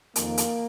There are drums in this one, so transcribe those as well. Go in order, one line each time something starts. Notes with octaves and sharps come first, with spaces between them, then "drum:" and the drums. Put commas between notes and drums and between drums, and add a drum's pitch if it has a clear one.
F2 D#3 A#3, drum: hi-hat
drum: hi-hat